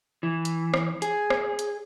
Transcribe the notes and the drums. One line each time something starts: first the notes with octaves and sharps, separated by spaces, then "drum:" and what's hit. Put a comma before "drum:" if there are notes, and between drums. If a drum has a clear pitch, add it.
E3
drum: hi-hat
drum: rim click
G#4, drum: hi-hat
drum: rim click
drum: hi-hat